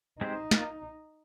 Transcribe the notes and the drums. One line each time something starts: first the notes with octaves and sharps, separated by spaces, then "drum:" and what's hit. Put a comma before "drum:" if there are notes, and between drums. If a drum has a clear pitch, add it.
G#3 C4 D#4 G4 C5
A#3 F4, drum: snare